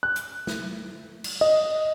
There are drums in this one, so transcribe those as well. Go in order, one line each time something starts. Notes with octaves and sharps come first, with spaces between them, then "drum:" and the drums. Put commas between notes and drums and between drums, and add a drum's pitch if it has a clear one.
F#6
drum: hi-hat
drum: snare
drum: cymbal
D#5